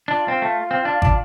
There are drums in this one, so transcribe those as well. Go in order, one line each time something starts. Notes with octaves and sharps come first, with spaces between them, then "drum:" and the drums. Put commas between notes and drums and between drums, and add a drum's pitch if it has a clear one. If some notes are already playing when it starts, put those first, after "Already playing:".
D4 F4
C4
A3
C4
D4
D4, drum: kick